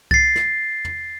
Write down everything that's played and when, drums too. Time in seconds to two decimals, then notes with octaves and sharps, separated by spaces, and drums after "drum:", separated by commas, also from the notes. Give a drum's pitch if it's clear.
0.11 A6 C7, drum: kick C2
0.36 drum: snare
0.85 drum: tom